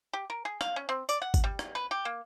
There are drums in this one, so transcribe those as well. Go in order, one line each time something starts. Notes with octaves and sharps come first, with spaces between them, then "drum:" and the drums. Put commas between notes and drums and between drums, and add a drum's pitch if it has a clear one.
G4
A#4
G#4
F5, drum: rim click
C#4
C4
D5, drum: tambourine
F#5
drum: kick, tambourine
G3
drum: rim click
B4
G4
A#3